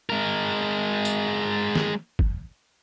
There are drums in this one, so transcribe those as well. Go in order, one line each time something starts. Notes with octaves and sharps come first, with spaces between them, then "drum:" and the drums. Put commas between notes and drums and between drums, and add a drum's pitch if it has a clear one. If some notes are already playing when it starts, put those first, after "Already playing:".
G#3 A#4
drum: tambourine
drum: snare
drum: kick